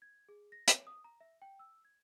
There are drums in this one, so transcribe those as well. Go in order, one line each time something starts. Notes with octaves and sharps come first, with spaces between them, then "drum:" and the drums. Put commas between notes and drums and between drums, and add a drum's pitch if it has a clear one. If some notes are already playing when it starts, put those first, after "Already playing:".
G#6
G#4
A#6
C#5, drum: hi-hat
D#6
A#5
E5
G5
E6
G#6